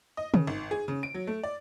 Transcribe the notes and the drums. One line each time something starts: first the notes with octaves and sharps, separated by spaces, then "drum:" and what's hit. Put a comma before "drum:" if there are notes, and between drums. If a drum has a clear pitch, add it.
D#5
C#3, drum: tom
G#1
G#4
C#3
D7
F#3
A3
D5